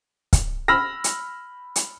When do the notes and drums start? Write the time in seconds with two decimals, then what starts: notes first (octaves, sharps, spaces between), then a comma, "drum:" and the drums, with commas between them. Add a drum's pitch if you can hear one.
0.33 drum: kick, hi-hat
0.68 B5 E6 F6 A#6
1.04 drum: hi-hat
1.76 drum: hi-hat